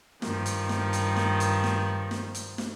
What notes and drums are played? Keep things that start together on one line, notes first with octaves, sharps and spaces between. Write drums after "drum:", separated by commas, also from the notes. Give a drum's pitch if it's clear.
G2 D#3 F3, drum: snare
drum: hi-hat
drum: snare
drum: hi-hat
drum: snare
drum: hi-hat
drum: snare
drum: snare
drum: hi-hat
drum: snare